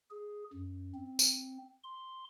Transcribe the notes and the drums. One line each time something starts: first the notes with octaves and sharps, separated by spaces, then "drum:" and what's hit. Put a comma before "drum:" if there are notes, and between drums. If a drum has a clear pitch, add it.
G#4
F#2
C4
drum: tambourine
C6